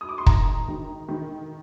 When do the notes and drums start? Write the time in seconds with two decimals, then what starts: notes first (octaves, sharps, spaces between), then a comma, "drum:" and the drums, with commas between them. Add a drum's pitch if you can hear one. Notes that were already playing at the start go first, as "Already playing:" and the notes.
0.01 D#6
0.09 D6
0.18 C6
0.26 D#3 A#5, drum: kick
0.68 D#3
1.08 D#3